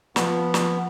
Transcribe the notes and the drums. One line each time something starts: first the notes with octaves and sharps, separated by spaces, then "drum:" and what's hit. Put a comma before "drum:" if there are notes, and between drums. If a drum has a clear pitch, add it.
F3 B3, drum: snare
drum: snare